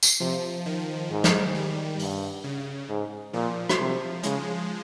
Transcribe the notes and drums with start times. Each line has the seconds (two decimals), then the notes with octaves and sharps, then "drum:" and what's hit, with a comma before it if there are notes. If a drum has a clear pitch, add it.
0.03 drum: tambourine
0.20 C3 F3
0.66 D#3
1.11 G#2
1.24 drum: snare
1.55 G3
1.99 G2, drum: open hi-hat
2.44 C#3
2.89 G#2
3.33 A#2 F3
3.69 drum: rim click
3.79 C3
4.23 C#3 G#3, drum: hi-hat